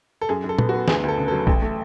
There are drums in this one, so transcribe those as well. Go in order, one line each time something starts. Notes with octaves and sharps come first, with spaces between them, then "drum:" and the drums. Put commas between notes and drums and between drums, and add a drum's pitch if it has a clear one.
A4
F#2 G#4
F#2
A4
B3, drum: tom A#2
F#4
B3
D2 G#4, drum: snare
D2 A4
C#3
F#3 A4
A1, drum: kick A#1
A3